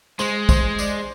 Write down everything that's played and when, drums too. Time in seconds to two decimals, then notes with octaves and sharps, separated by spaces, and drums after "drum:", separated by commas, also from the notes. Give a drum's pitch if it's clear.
0.19 G#3 C5 C6, drum: tambourine
0.49 C5 C6, drum: kick, tambourine
0.79 D5 D6, drum: tambourine